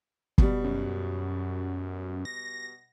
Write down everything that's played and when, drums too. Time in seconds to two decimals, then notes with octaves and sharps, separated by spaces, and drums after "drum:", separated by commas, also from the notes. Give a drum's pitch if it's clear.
0.38 B2 G3, drum: kick
0.64 F#2
2.25 A#6